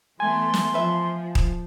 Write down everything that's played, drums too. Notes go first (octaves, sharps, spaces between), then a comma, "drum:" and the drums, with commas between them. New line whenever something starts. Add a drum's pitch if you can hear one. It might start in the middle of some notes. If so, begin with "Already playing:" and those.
E3 A3 B3 G#5 C6
drum: snare
F3 B4 E5
drum: kick D#1